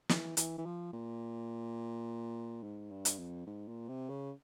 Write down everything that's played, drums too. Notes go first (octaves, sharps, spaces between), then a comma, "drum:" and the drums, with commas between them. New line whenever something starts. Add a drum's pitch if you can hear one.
E3, drum: snare
E3, drum: hi-hat
E3
F3
A#2
G#2
G2
drum: hi-hat
F2
G#2
A#2
C3
C#3